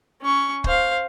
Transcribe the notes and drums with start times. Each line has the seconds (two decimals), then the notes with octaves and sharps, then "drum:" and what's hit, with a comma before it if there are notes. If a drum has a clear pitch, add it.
0.22 C#4 C#6
0.64 C5 F5, drum: kick